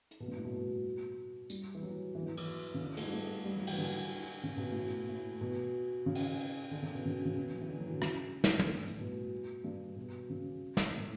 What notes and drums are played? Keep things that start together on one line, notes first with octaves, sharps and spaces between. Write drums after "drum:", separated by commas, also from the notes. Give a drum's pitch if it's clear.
drum: hi-hat
B2
G2
A2
B2
G3, drum: tambourine
E3
F#3
E3
F#3
E3
E3, drum: cymbal
C#3
D3
A3, drum: cymbal
G3
A3
G3
F#3
E3, drum: cymbal
D3
C#3
B2
A2
B2
A2
B2
C#3
drum: cymbal
D3
C#3
B2
C#3
C#3
B2
F#3
E3
D3
F#3
E3
D3
C#3, drum: rim click
drum: snare
drum: tom
G2
A2, drum: hi-hat
B2
G2
B2
C#3
drum: snare
A2